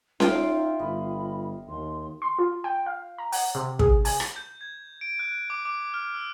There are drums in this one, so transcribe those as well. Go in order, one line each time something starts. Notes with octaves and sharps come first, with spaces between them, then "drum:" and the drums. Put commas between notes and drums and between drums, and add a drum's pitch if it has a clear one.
D#4 F4 G4 E5 F5 G5, drum: snare C#4
G1 D#5 B5
D#2 C6
C6
F4
G5
F5
A#5
F#5, drum: open hi-hat
C3
G#4, drum: kick
G#5, drum: open hi-hat
drum: rim click
G6
G#6
D7
F#6
F#6
D6
D6
F6
E6